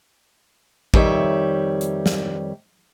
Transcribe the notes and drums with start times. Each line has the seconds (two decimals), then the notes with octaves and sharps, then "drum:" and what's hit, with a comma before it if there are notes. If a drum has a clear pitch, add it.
0.94 F2 D#3 G3 C#5 E5, drum: kick
1.81 drum: hi-hat
2.06 drum: snare